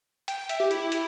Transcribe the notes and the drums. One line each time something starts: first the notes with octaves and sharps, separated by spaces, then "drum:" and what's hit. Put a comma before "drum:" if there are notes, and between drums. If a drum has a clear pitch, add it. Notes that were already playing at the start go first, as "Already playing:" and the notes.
G5, drum: hi-hat
G5
E5, drum: hi-hat
G4
E4, drum: hi-hat
drum: hi-hat